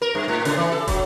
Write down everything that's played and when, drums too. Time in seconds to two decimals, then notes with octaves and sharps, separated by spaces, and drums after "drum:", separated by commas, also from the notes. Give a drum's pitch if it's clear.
0.02 A#4
0.15 G2
0.28 A2
0.45 C#3, drum: hi-hat
0.57 E3
0.72 A4
0.88 F#3, drum: kick, hi-hat